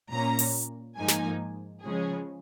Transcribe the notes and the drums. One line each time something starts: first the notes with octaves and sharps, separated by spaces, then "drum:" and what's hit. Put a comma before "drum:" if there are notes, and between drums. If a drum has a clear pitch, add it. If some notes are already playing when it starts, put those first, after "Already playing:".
A#2 A#3 C#4 A#5
drum: open hi-hat
G#2 F3 A#3 D#4 G#5
drum: snare
C#3 F3 G#3 C#4 G#4